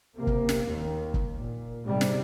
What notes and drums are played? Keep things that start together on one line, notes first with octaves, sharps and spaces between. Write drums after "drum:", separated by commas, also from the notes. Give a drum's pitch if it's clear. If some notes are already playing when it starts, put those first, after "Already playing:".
C3 A#3
drum: kick
drum: snare
D#2 D#3
drum: kick
A#2
G#2 C3 G3
drum: snare